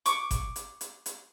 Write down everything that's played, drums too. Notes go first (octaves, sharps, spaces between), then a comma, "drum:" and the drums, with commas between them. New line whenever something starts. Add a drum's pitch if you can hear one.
C#6 D6, drum: hi-hat
drum: kick G1, hi-hat
drum: hi-hat
drum: hi-hat
drum: hi-hat